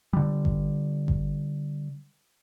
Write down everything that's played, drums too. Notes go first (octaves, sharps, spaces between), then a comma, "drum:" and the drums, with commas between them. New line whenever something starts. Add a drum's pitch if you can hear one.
D3 G3
drum: kick G#1
drum: kick G#1